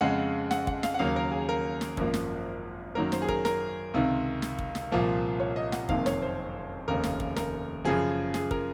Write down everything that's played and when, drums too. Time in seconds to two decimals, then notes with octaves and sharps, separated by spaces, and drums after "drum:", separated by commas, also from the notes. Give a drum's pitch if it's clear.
0.01 F2 C#3 G#3 F#5
0.51 F#5, drum: snare
0.67 F#5, drum: kick
0.83 F5, drum: snare
0.94 F#5
0.99 D#2 C#3 F#3 A#3 F5
1.16 A#4
1.31 G#4
1.49 A#4
1.81 drum: snare
1.97 G#1 F#2 F3 A#3, drum: kick
2.14 drum: snare
2.95 F#2 D#3 F#3 A#3 A#4
3.12 C5, drum: snare
3.22 G#4
3.29 A#4, drum: kick
3.45 A#4, drum: snare
3.94 C#2 C3 D#3
4.42 drum: snare
4.59 drum: kick
4.75 drum: snare
4.91 C2 A#2 F3 A#3
5.40 C#5
5.56 D#5
5.72 F#5, drum: snare
5.89 F#1 F2 C3 D#3 A#3 F5, drum: kick
6.06 C#5, drum: snare
6.22 C5
6.88 F1 D#2 C#3 A#4
7.04 drum: snare
7.20 drum: kick
7.36 A#4, drum: snare
7.85 F#2 C#3 F3 G#4
8.34 G#4, drum: snare
8.51 A#4, drum: kick